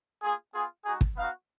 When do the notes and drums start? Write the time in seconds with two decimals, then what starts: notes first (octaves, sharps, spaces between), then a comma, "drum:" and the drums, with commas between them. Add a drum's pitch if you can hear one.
0.22 A#3 F4 G#4
0.54 B3 F4 G#4
0.85 G#3 D#4 F#4 G#4
1.01 drum: kick
1.17 B3 D#4 F#4 F5